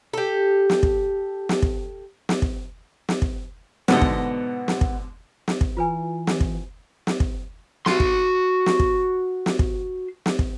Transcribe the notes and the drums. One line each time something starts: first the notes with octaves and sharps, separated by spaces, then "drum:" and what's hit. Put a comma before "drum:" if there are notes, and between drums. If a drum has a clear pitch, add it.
G4 A4
drum: snare
drum: kick
drum: snare
drum: kick
drum: snare
drum: kick
drum: snare
drum: kick
G#2 B2 D3 B3 D#5, drum: snare
drum: kick
drum: snare
drum: kick
drum: snare
drum: kick
E3 F4 B4 G#5
drum: snare
drum: kick
drum: snare
drum: kick
F#4 C6, drum: snare
drum: kick
drum: snare
drum: kick
drum: snare
drum: kick
drum: snare
drum: kick